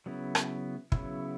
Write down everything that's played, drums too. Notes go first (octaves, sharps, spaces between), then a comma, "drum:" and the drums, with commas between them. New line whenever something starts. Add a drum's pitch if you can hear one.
C#3 F#3 B3 E4
drum: rim click
C#3 F#3 B3 E4, drum: kick